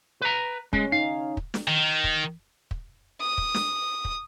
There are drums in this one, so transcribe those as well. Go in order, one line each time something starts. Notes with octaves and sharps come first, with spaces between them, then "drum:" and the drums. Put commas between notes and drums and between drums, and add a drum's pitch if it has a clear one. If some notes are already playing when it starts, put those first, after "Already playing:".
B4 A#5
G#3 C#4, drum: kick
D#4 F5
drum: kick
drum: snare
D#3
drum: kick
drum: kick
D#6
drum: kick
drum: snare
drum: kick